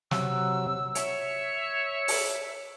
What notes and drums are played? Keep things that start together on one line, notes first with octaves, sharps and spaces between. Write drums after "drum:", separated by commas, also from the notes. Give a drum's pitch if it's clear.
C3 F#3 E6, drum: snare
C#5 E5, drum: hi-hat
drum: open hi-hat